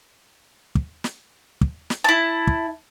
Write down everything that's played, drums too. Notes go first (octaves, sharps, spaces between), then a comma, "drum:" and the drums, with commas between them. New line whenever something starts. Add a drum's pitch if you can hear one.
drum: kick
drum: snare
drum: kick
drum: snare
E4 A5
drum: kick